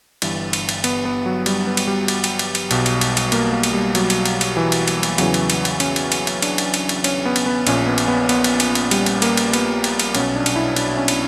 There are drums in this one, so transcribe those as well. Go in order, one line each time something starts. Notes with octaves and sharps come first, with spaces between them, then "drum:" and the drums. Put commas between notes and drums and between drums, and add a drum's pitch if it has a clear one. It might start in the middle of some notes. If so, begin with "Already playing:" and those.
G1 G2 E3, drum: cymbal
drum: cymbal
drum: cymbal
B3, drum: cymbal
B3
F#3
G3, drum: cymbal
B3
drum: cymbal
G3
drum: cymbal
drum: cymbal
drum: cymbal
drum: cymbal
B1 B2, drum: cymbal
drum: cymbal
drum: cymbal
drum: cymbal
A#3, drum: cymbal
A#3
drum: cymbal
G3
F#3, drum: cymbal
drum: cymbal
drum: cymbal
drum: cymbal
E3
drum: cymbal
drum: cymbal
drum: cymbal
E2 C#3 E3 F#3, drum: cymbal
drum: cymbal
drum: cymbal
drum: cymbal
C#4, drum: cymbal
drum: cymbal
drum: cymbal
drum: cymbal
D4, drum: cymbal
drum: cymbal
drum: cymbal
drum: cymbal
C#4, drum: cymbal
B3
drum: cymbal
B3
A#1 A#2 C#4, drum: cymbal
B3
drum: cymbal
B3
B3, drum: cymbal
drum: cymbal
drum: cymbal
drum: cymbal
G3, drum: cymbal
drum: cymbal
A#3, drum: cymbal
drum: cymbal
B3, drum: cymbal
drum: cymbal
drum: cymbal
B1 B2 C#4, drum: cymbal
D4
drum: cymbal
E4
D4, drum: cymbal
C#4
drum: cymbal